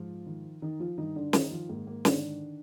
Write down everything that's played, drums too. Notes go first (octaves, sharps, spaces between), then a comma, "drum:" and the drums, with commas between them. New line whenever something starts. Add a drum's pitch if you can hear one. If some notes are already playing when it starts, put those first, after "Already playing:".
Already playing: G#2 F3 F4
D#3
D#3 D#4
F3 F4
G2 D#3 D#4
D3 D4
D#3 D#4, drum: snare
F3 F4
G#2 A#3
A#3
D3 D#3 D4, drum: snare